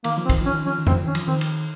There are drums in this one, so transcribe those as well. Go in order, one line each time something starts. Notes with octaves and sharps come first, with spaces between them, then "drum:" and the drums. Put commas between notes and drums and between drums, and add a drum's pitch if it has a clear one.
D#3 A#3, drum: cymbal
F3
C4
D#3, drum: kick, cymbal
F3 C#4
D#3
F3 C#4
D#3
C4, drum: tom F2
F3
D#3 C#4
F3, drum: cymbal
D#3 C4
drum: cymbal